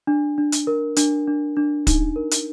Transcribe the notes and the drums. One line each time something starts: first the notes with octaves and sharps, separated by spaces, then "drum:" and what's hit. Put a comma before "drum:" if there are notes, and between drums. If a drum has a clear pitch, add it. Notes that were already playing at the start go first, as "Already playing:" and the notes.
D4
D4
drum: hi-hat
A#4
D4, drum: hi-hat
D4
D4
D#4, drum: kick, hi-hat
A#4
drum: hi-hat